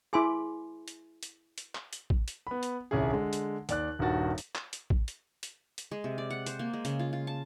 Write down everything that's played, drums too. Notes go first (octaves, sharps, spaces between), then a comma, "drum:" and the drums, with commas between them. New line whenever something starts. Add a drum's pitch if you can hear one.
E4 G#4 G#5 B5 C6 D6
drum: hi-hat
drum: hi-hat
drum: hi-hat
drum: clap
drum: hi-hat
drum: kick A1
drum: hi-hat
B3 B5
drum: hi-hat
D#1 C2 C#4 E4 G#4
D3 G#3
drum: hi-hat
D#2 D5 F#6, drum: hi-hat
D#1 G2 D#3 F#4 A6
drum: hi-hat
drum: clap
drum: hi-hat
drum: kick A1
drum: hi-hat
drum: hi-hat
drum: hi-hat
G#3
C3
D5
F#5
C5, drum: hi-hat
A#3
G#3
C#3, drum: hi-hat
F4
F4
A5